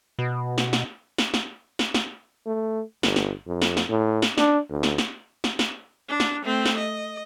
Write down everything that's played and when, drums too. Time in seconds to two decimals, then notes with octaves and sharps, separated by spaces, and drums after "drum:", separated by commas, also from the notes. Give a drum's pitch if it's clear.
0.19 B2
0.58 drum: snare
0.73 drum: snare
1.18 drum: snare
1.34 drum: snare
1.79 drum: snare
1.94 drum: snare
2.46 A3
3.03 G1, drum: snare
3.16 drum: snare
3.47 F2
3.62 drum: snare
3.77 drum: snare
3.90 A2
4.22 drum: snare
4.38 D4, drum: snare
4.70 D2
4.83 drum: snare
4.98 drum: snare
5.44 drum: snare
5.59 drum: snare
6.09 D4
6.20 drum: snare
6.44 A3 C4
6.66 drum: snare
6.78 D#5